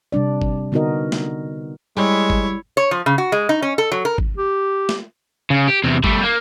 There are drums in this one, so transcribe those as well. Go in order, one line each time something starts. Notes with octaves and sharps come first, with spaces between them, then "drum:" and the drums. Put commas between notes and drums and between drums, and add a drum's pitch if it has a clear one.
C3 G3 D4 D5
drum: kick
D3 B3 D#4 F#4 A#4 D#5
drum: snare
G3 G#3 E4 C#5
drum: kick
C#5
F3
C#3
F#4
G#3
D#4
C#4
A4
F#3
A#4
drum: kick
G4
drum: snare
C#3
G4
E2 C3
G3 A3, drum: kick
A#3